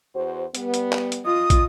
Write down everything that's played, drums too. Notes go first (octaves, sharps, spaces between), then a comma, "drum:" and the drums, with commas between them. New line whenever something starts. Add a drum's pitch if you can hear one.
E2 F#4 C5
G3 B3, drum: hi-hat
drum: hi-hat
drum: clap
drum: hi-hat
F4 D#5 D#6
drum: kick, hi-hat